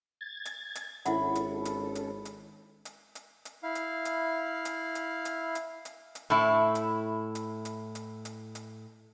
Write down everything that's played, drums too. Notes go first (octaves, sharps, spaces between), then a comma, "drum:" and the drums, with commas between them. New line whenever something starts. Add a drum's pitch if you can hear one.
G#6 A6
drum: hi-hat
drum: hi-hat
G#1 C#4 E4 A4 E5 F#5 B5, drum: hi-hat
drum: hi-hat
drum: hi-hat
drum: hi-hat
drum: hi-hat
drum: hi-hat
drum: hi-hat
drum: hi-hat
E4 F5
drum: hi-hat
drum: hi-hat
drum: hi-hat
drum: hi-hat
drum: hi-hat
drum: hi-hat
drum: hi-hat
drum: hi-hat
A2 E4
drum: hi-hat
drum: hi-hat
drum: hi-hat
drum: hi-hat
drum: hi-hat
drum: hi-hat